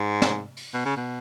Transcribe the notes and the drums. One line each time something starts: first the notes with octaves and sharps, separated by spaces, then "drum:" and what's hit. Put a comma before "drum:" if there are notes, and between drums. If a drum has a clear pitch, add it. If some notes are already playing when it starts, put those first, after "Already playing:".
Already playing: G#2
drum: snare
drum: open hi-hat
B2
C#3
B2